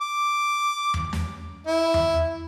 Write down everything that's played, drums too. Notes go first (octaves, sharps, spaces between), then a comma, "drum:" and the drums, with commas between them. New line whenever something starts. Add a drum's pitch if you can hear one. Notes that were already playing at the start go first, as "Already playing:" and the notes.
D6
drum: tom E2
drum: snare
E4
drum: tom E2